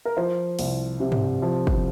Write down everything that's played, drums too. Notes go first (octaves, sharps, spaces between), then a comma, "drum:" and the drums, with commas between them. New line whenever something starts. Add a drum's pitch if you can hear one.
A#4
F3 C5
C2, drum: open hi-hat
C3
drum: tom
F3
drum: kick